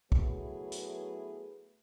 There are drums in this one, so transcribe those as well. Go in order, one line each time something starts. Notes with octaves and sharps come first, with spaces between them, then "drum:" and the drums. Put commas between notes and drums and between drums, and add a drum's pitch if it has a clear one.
F#3 A3 B3 E4 G#4 B4, drum: kick
drum: hi-hat